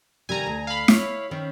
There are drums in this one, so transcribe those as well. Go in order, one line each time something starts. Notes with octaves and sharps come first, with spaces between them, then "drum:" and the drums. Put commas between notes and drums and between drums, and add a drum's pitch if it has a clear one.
C3 D#3 G3 G#5 A#5
D2
F5 B5
E4 C#5, drum: snare
D#3 C4 C#4